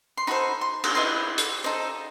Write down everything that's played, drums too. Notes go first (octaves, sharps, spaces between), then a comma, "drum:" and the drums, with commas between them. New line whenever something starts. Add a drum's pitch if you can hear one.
C6
D#4 F#4 A4 C5 B5
C6
D#6, drum: cymbal
E4 B4 D#5 C6
drum: hi-hat
D#4 A4 C5 D#5